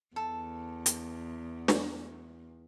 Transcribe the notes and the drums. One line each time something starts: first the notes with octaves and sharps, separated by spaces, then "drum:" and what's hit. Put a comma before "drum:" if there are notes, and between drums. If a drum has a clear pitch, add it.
E2 A4
drum: hi-hat
drum: snare